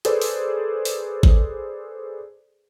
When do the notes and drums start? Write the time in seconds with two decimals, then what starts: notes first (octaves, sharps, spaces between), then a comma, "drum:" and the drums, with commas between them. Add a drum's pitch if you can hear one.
0.05 G#4 A4 B4 C5 D5, drum: hi-hat
0.22 drum: open hi-hat
0.85 drum: open hi-hat
1.23 drum: kick G#1